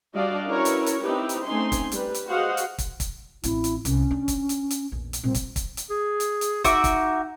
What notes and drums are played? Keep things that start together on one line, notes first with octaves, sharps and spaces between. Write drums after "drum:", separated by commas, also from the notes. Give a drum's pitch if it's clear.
G3 D4 F#4 D5 D#5 F5
C#4 E4 F#4 A#4 B4 C#5
drum: hi-hat
drum: hi-hat
C4 D#4 E4 G4 B4
drum: hi-hat
A3 C4 C#4 D#4 G#5 C6
drum: kick, hi-hat
G3 B4, drum: hi-hat
drum: hi-hat
F#4 G#4 C5 D#5 F5 F#5
drum: hi-hat
drum: kick, hi-hat
drum: kick, hi-hat
A1 C4 E4, drum: hi-hat
drum: hi-hat
C2 C#4, drum: hi-hat
D4
drum: kick, hi-hat
drum: hi-hat
drum: hi-hat
A#1 E2
drum: hi-hat
A#2 G3 C4
drum: kick, hi-hat
drum: kick, hi-hat
drum: hi-hat
G#4
drum: hi-hat
drum: hi-hat
D#4 F#4 E5 D6, drum: kick, hi-hat
drum: kick, hi-hat